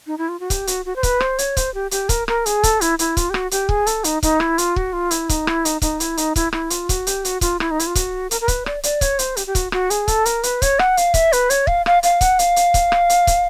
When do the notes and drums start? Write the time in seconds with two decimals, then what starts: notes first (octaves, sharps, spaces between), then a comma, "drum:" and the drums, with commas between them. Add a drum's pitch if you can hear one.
0.07 D#4
0.18 E4
0.29 F4
0.40 F#4
0.50 G4, drum: kick, hi-hat
0.67 F#4, drum: hi-hat
0.85 F#4
0.96 C5
1.03 B4, drum: kick, hi-hat
1.20 C5, drum: rim click
1.38 C#5, drum: hi-hat
1.57 C5, drum: kick, hi-hat
1.74 G4
1.91 G4, drum: hi-hat
2.09 A#4, drum: kick, hi-hat
2.28 A#4, drum: rim click
2.46 G#4, drum: hi-hat
2.63 A4, drum: kick, hi-hat
2.81 E4, drum: hi-hat
2.99 E4, drum: hi-hat
3.17 F4, drum: kick, hi-hat
3.30 G4
3.34 F#4, drum: rim click
3.51 G4, drum: hi-hat
3.69 G#4, drum: kick
3.87 A4, drum: hi-hat
4.04 D#4, drum: hi-hat
4.23 D#4, drum: kick, hi-hat
4.40 E4, drum: rim click
4.58 F4, drum: hi-hat
4.76 F#4, drum: kick
4.93 F4
5.11 E4, drum: hi-hat
5.29 D#4, drum: kick, hi-hat
5.47 E4, drum: rim click
5.65 D#4, drum: hi-hat
5.82 D#4, drum: kick, hi-hat
6.00 E4, drum: hi-hat
6.17 D#4, drum: hi-hat
6.36 E4, drum: kick, hi-hat
6.53 E4, drum: rim click
6.70 F4, drum: hi-hat
6.89 F#4, drum: kick, hi-hat
7.07 G4, drum: hi-hat
7.25 F#4, drum: hi-hat
7.41 F4, drum: kick, hi-hat
7.60 E4, drum: rim click
7.71 D#4
7.79 E4, drum: hi-hat
7.87 F4
7.95 F#4, drum: kick, hi-hat
8.31 A#4, drum: hi-hat
8.41 A#4
8.48 B4, drum: kick, hi-hat
8.66 D5, drum: rim click
8.83 D5, drum: hi-hat
9.01 C#5, drum: kick, hi-hat
9.19 C5, drum: hi-hat
9.37 G4, drum: hi-hat
9.47 G4
9.55 F#4, drum: kick, hi-hat
9.72 F#4, drum: rim click
9.90 G#4, drum: hi-hat
10.08 A4, drum: kick, hi-hat
10.25 A#4, drum: hi-hat
10.43 B4, drum: hi-hat
10.62 C#5, drum: kick, hi-hat
10.79 F#5, drum: rim click
10.97 F5, drum: hi-hat
11.14 E5, drum: kick, hi-hat
11.32 B4, drum: hi-hat
11.50 C#5, drum: hi-hat
11.67 F5, drum: kick
11.86 F5, drum: rim click
12.03 F5, drum: hi-hat
12.21 F#5, drum: kick, hi-hat
12.39 F5, drum: hi-hat
12.56 drum: hi-hat
12.74 drum: kick, hi-hat
12.92 drum: rim click
13.10 drum: hi-hat
13.27 drum: kick, hi-hat